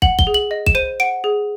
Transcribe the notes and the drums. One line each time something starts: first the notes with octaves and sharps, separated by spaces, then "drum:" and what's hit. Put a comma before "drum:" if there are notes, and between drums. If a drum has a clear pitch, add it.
F#5 F#7, drum: kick
G7, drum: kick
G#4
F#7
D#5
E7, drum: kick
C5 D#7
F#5 D7
G#4